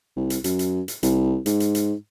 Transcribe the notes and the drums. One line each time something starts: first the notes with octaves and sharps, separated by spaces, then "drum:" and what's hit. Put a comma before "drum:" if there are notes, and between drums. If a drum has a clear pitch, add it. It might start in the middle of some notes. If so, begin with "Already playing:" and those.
C2
drum: hi-hat
F#2, drum: hi-hat
drum: hi-hat
drum: hi-hat
C2, drum: hi-hat
G#2, drum: hi-hat
drum: hi-hat
drum: hi-hat